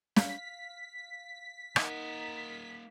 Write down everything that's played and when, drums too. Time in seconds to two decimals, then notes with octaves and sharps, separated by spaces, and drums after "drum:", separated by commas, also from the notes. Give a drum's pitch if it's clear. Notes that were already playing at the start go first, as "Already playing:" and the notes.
0.16 F5 B6, drum: snare
1.76 A#3 D#4 A#4 F#5, drum: rim click